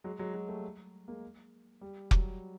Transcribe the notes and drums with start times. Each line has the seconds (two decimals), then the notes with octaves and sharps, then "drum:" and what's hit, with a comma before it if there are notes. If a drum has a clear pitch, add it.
0.04 F#3 G#3
0.19 F#3 G#3
0.34 F#3 G#3
0.48 G3 A3
1.08 G#3 A#3
1.81 G3
2.11 F#3, drum: kick F1